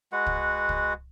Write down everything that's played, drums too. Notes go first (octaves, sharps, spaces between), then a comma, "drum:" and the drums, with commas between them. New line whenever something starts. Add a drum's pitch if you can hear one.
G#3 F#4 B4 F#5
drum: kick
drum: kick